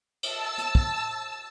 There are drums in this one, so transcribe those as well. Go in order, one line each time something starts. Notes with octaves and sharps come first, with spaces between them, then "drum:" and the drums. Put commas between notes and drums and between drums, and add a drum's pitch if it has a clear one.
A5 E6, drum: cymbal
drum: hi-hat
drum: kick